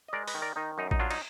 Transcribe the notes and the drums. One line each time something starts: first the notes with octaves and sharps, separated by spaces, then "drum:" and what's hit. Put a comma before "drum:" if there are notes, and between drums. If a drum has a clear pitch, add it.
D#5
G#3 A#4 D5
B4 D#5, drum: open hi-hat
D#3
A#4 D5
D#3 D#4
F#2 D#4
D#4, drum: kick A1
F#3 D4 F4
D#4, drum: cymbal